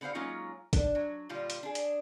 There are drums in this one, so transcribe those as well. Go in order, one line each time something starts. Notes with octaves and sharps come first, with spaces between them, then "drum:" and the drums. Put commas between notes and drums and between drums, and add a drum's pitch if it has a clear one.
D3 B3 G4 C5 F5
F#3 G#3 A#3 C#4 D#4 F4
D4, drum: kick, hi-hat
F#3
A#2 D3 G3 F4
drum: hi-hat
D4 G#4
drum: hi-hat